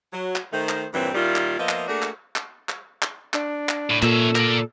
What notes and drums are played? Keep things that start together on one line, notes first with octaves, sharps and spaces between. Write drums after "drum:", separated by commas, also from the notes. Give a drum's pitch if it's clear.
F#3
drum: clap
D#3 A3 C5
drum: clap
G2 A#2 E3 F#3 C4
A#2 D#3 G3 E4 F4
drum: clap
F3 A#3 B3 F4 D#5 E5
drum: clap
A3 A#3 D4 F#4 G#4 A4
drum: clap
drum: clap
drum: clap
drum: clap
D4, drum: clap
drum: clap
A2
A#2 C#4 A4 E5, drum: clap
A#4 D5, drum: clap